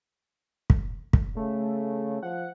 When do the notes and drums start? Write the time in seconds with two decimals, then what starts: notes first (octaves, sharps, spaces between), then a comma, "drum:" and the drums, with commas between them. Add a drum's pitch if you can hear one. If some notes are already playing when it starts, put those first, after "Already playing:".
0.70 drum: kick
1.13 drum: kick
1.36 C#3 A3
2.23 F3 F#5